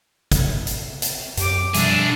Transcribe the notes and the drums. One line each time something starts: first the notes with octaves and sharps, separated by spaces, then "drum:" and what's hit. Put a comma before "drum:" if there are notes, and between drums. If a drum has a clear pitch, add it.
drum: kick, hi-hat
drum: hi-hat
drum: hi-hat
F#2 G4 D6, drum: hi-hat
B2 F3 G3 D4 G#4 E5, drum: hi-hat